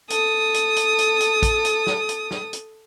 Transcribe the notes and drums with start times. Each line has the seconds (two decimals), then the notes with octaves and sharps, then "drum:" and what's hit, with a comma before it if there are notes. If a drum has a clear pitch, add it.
0.10 A4 D#6, drum: hi-hat
0.54 drum: hi-hat
0.76 drum: hi-hat
0.98 drum: hi-hat
1.20 drum: hi-hat
1.43 drum: kick, hi-hat
1.65 drum: hi-hat
1.87 drum: snare
2.09 drum: hi-hat
2.31 drum: snare
2.53 drum: hi-hat